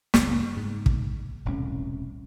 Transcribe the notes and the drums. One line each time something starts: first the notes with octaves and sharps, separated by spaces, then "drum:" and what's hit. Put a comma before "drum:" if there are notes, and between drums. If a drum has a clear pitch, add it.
F#1 C#2, drum: snare
G#2
drum: kick
E1 C2 A2 C#4